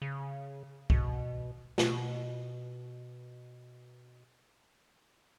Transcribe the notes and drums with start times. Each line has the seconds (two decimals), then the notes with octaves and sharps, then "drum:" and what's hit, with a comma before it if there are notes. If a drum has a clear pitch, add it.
0.02 C#3
0.90 B2, drum: kick C2
1.78 B2, drum: snare